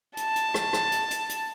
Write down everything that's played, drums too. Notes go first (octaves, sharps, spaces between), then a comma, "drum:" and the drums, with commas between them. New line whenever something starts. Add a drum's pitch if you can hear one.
A5, drum: hi-hat
drum: hi-hat
drum: rim click
drum: rim click
drum: hi-hat
drum: hi-hat
drum: hi-hat